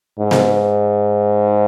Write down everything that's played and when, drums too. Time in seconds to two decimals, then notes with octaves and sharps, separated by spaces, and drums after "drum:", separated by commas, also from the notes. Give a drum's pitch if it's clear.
0.20 G#2
0.31 drum: snare B3